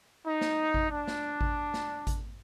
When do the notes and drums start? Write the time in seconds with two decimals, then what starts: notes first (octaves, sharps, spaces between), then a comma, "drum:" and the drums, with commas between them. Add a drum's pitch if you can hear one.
0.25 D#4
0.41 drum: snare
0.74 drum: kick G#1
0.91 D4
1.07 drum: snare
1.41 drum: kick G#1
1.74 drum: snare
2.07 drum: kick G#1, hi-hat